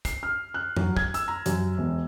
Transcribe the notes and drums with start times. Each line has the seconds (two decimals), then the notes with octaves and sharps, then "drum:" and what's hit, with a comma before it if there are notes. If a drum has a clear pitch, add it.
0.05 C7, drum: kick, hi-hat
0.23 F6
0.54 F#6
0.77 F#3, drum: tom F2
0.97 G#6, drum: kick
1.14 E6, drum: hi-hat
1.28 A#5
1.46 F#2, drum: hi-hat
1.78 E1